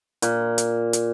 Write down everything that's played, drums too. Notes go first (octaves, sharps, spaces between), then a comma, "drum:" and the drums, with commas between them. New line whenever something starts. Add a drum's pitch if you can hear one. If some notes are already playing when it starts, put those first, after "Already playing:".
A#2, drum: hi-hat
drum: hi-hat
drum: hi-hat